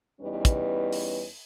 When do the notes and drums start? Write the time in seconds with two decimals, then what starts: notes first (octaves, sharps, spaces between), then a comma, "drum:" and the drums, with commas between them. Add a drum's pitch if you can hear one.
0.21 E2 G3 C#4 D#4 B4
0.45 drum: kick, hi-hat
0.93 drum: open hi-hat